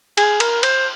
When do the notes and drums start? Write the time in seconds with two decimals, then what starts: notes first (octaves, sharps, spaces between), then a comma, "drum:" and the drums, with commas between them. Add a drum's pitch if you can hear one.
0.17 G#4, drum: cymbal
0.40 A#4, drum: cymbal
0.63 C5, drum: cymbal